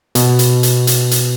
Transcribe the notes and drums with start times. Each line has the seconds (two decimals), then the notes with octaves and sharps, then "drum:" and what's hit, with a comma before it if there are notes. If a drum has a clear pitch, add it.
0.15 B2, drum: hi-hat
0.39 drum: hi-hat
0.63 drum: hi-hat
0.87 drum: hi-hat
1.11 drum: hi-hat